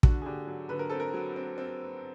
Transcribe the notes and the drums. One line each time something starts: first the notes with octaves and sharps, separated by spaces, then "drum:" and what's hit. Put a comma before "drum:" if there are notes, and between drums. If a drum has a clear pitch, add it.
D3 F#4, drum: kick
G#4
D3 G4
F#3
D3 B4
A#4
C4 A4
A#4
F#3
C4
C4